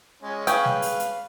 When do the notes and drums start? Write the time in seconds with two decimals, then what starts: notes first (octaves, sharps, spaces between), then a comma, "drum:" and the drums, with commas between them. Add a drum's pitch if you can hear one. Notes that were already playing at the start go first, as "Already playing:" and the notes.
0.22 G#3 C#4
0.47 C#4 G#4 B4 F5 G5, drum: hi-hat
0.65 drum: snare G3
0.82 drum: open hi-hat
1.00 drum: hi-hat